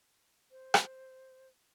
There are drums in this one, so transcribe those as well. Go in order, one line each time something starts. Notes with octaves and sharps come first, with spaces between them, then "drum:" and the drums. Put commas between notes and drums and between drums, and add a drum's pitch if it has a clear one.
C5
drum: rim click